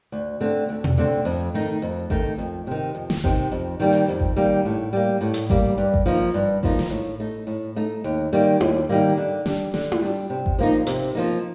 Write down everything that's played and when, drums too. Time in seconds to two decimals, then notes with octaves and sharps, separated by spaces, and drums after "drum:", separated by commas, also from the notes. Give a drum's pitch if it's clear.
0.12 D2
0.41 D3 A3 C4
0.69 D2
0.84 drum: tom B2
0.97 D3 A3 C4
1.25 F2
1.54 D#3 A3 D#4
1.82 F2
2.10 D#3 A3 D#4, drum: kick G#1
2.38 F2
2.67 C3 D#3
2.95 F2
3.10 drum: snare
3.24 C3 D#3, drum: kick G#1
3.52 F2
3.80 D#3 G3 A#3
3.92 drum: open hi-hat
4.08 F2
4.20 drum: kick G#1
4.36 D#3 G3 A#3
4.65 A2
4.93 G3 A#3
5.21 A2
5.34 drum: hi-hat
5.50 G3 A#3, drum: kick G#1
5.78 G2
5.94 drum: kick G#1
6.06 F3 A#3 D#4
6.34 G2
6.63 F3 A#3 D#4, drum: kick G#1
6.79 drum: snare
6.90 A2
7.20 A3 D#4
7.47 A2
7.76 A3 D#4
8.04 D#2
8.33 D#3 G3 A#3
8.61 D#2, drum: tom E4
8.89 D#3 G3 A#3
9.17 D3
9.46 G3 D4, drum: snare
9.74 D3, drum: snare
9.92 drum: tom E4
10.02 G3 D4
10.30 C3
10.46 drum: kick G#1
10.58 F3 A#3 D#4
10.87 C3, drum: hi-hat
11.15 F3 A#3 D#4